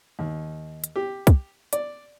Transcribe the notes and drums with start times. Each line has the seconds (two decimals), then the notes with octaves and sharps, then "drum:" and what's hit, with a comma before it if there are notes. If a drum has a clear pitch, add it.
0.19 D#2
0.84 drum: hi-hat
0.96 G4
1.27 drum: kick, hi-hat
1.73 D5, drum: hi-hat